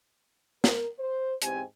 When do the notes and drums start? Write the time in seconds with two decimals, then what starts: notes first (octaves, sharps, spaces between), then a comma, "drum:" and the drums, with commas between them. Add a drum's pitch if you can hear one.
0.64 A#4, drum: snare
0.99 C5
1.42 E2 G#2 C4 G4 G5 G#5, drum: hi-hat